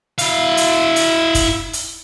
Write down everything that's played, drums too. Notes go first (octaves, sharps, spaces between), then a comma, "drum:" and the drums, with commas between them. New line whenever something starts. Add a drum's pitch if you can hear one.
E4 F5, drum: hi-hat
drum: hi-hat
drum: hi-hat
drum: kick, hi-hat
drum: hi-hat